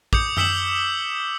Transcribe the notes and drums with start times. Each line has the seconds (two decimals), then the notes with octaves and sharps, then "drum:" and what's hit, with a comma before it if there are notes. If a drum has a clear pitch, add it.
0.13 D6 D#6 G6 C#7, drum: kick
0.37 D#6 E6 B6 C#7 E7 F#7, drum: tom F#2